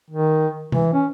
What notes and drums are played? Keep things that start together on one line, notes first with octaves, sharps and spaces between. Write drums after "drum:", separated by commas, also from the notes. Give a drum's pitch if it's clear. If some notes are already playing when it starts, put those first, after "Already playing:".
D#3
E3, drum: tom C3
C#4